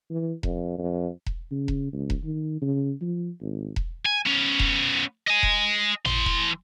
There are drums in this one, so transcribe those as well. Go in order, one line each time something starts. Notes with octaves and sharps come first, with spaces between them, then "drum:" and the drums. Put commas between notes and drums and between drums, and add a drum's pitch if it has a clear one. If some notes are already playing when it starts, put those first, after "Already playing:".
E3
F2, drum: kick E1
F2
drum: kick E1
C#3
drum: kick E1
C#2
drum: kick E1
D#3
C#3
F3
G#1
drum: kick E1
G#5
B3 C#4
drum: kick E1
D#5 G#5
drum: kick E1
E3 C6, drum: tom G#1
drum: kick E1